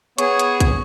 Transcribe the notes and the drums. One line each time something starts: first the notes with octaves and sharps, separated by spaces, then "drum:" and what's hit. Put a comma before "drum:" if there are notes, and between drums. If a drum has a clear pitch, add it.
B3 G#4 C#5 C#6, drum: hi-hat
drum: hi-hat
drum: kick B1, hi-hat